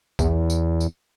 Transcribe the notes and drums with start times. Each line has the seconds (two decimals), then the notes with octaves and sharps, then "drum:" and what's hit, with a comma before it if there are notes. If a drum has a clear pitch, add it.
0.19 E2, drum: kick B1, tambourine
0.50 drum: tambourine
0.80 drum: tambourine